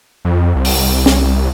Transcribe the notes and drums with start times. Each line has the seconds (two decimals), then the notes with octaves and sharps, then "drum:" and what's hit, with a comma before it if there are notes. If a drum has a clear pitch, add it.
0.25 F2
0.55 C2
0.65 drum: open hi-hat
1.06 drum: snare